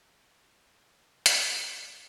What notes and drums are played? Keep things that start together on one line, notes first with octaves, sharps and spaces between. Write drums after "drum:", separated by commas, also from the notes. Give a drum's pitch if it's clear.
F3
G1
B1
C2
A#2, drum: hi-hat
C3